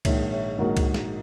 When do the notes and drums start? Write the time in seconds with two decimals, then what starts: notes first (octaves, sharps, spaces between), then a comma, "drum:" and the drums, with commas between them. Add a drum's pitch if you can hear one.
0.05 A#1 G#2 D#3 A#3 C#5 E5, drum: kick C#2, cymbal
0.32 C#5 E5
0.58 A#1 G#2 D#3 A#3 F#4 A#4
0.77 drum: kick C#2, cymbal
0.94 drum: snare